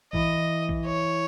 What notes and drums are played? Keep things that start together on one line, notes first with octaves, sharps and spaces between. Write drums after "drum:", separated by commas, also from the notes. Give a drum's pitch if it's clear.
E3 D#5, drum: kick A#1
drum: kick A#1
C#5